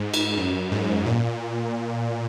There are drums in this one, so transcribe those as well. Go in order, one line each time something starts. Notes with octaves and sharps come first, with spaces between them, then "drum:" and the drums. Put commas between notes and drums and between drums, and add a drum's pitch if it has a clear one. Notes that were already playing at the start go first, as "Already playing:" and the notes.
Already playing: G#2
drum: cymbal
F#2
G#2
A#2